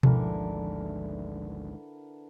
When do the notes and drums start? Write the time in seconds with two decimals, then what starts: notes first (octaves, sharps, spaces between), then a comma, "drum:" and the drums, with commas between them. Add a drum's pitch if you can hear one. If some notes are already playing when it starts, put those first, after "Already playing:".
0.03 G#1 D2 G#2 D3 E3 F3 A#4, drum: tom B2